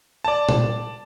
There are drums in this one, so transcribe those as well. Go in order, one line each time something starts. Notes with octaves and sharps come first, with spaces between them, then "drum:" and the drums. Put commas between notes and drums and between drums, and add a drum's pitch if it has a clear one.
D5 A5
drum: tom A#2